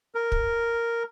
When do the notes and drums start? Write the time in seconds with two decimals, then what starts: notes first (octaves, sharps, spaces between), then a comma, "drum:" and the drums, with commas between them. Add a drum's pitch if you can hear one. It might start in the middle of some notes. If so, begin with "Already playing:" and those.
0.15 A#4
0.32 drum: kick